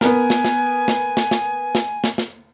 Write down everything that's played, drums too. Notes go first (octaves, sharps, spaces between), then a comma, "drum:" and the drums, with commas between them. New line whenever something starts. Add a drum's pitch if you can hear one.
B3 A#4 G#5, drum: snare
drum: snare
drum: snare
drum: snare
drum: snare
drum: snare
drum: snare
drum: snare
drum: snare